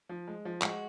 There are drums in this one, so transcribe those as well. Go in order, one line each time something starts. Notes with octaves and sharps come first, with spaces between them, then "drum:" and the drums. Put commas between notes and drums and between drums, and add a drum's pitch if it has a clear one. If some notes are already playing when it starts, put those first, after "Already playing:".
F3
G#3
F3
G#3 F#4, drum: clap